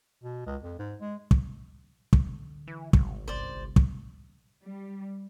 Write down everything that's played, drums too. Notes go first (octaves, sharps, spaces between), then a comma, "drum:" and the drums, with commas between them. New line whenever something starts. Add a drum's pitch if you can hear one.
B2
C#2
F2
G#2
G#3
drum: kick
drum: kick
D3
E3
G#1, drum: kick
G1 C2 C5 D5
drum: kick
G3